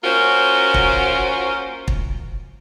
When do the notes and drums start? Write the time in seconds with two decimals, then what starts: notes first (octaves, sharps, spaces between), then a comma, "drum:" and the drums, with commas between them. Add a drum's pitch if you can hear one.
0.04 A#3 C#4 F4 F#4 A#4 C5
0.74 drum: kick
1.88 drum: kick